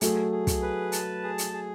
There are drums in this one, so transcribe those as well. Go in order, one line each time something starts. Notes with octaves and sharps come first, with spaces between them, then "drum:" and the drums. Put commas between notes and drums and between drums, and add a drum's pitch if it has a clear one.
F#3 A3 G#4, drum: hi-hat
G#4
drum: kick, hi-hat
B4
A5, drum: hi-hat
G#4
drum: hi-hat
G#4